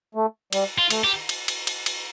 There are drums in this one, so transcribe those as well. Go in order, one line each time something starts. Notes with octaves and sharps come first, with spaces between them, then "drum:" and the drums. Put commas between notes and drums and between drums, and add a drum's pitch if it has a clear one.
A3
G3, drum: cymbal
F4
A3, drum: cymbal
G4
drum: cymbal
drum: cymbal
drum: cymbal
drum: cymbal